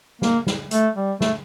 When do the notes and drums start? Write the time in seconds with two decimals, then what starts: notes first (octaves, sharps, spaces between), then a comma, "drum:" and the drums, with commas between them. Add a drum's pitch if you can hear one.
0.22 A#3, drum: snare
0.47 drum: snare
0.71 A3, drum: hi-hat
0.95 G3
1.21 A3, drum: snare